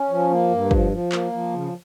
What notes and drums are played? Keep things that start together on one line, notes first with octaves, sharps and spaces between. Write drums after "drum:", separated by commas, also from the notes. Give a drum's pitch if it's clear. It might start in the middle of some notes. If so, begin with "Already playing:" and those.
Already playing: C#4
F3
A#3
G2
F3, drum: kick
F3
A#3, drum: clap
F3
C#3